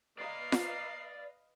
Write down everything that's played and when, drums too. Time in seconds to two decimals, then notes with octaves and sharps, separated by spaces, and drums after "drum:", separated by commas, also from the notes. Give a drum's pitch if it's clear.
0.19 B4 D5 D#5 F5 A#5 C7
0.52 drum: snare F4